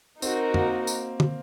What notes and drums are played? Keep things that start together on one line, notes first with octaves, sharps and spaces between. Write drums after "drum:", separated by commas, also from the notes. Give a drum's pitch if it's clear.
C4 D#4 F#4 A#4, drum: tambourine
A#3, drum: tom
drum: tambourine
drum: tom